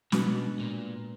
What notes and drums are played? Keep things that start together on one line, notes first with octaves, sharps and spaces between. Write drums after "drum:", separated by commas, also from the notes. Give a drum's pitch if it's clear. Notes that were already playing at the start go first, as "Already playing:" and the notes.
B2 G#3 B3 D4 F#4 B4, drum: snare
A#2